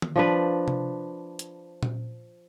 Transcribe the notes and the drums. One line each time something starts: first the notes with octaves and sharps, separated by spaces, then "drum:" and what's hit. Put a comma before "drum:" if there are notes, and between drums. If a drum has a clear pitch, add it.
drum: tom D#3
F3 D4 B4
drum: tom C3
drum: hi-hat
drum: tom A#2